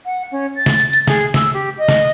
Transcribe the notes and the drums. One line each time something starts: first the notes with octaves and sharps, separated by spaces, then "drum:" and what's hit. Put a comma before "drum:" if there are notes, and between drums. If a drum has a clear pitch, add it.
F#5
C#4
A6
drum: snare
drum: hi-hat
drum: hi-hat
G#4, drum: snare
drum: hi-hat
E6, drum: snare
G4
D#5
drum: snare